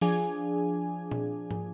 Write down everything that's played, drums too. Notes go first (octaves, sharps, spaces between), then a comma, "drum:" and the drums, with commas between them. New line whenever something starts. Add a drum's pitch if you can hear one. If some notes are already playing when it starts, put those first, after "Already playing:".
F3 D4 G#4 G#5, drum: open hi-hat
drum: tom A#2
drum: tom G#2